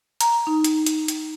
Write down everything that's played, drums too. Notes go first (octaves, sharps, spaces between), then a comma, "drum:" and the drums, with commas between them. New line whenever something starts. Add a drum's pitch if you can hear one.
A#5, drum: hi-hat
D#4
drum: hi-hat
drum: hi-hat
drum: hi-hat